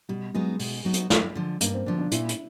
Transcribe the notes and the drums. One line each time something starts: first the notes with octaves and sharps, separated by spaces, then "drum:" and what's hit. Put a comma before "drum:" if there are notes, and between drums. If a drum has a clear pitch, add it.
B2 G3
F#3 G#3 B3 D#4 F#4
B2, drum: open hi-hat
F#3 B3 D#4 F#4
drum: hi-hat
G2, drum: snare
D3 F3
G2 A#3, drum: hi-hat
C4
D3 F3 D4
D4
A#2 E4, drum: hi-hat
drum: hi-hat